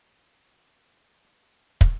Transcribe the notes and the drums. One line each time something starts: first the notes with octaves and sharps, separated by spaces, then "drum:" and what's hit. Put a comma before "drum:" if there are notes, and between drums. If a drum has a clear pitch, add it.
E5 G5 B5 C#6 D6
B2
C4 C#4 E4 F4 G#4 A#4
G2 C3 G4 F5 D#6 F6
drum: kick